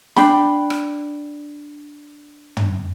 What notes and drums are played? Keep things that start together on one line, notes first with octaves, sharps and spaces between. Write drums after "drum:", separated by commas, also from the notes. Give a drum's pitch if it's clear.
D4 G5 B5, drum: snare
drum: rim click
drum: tom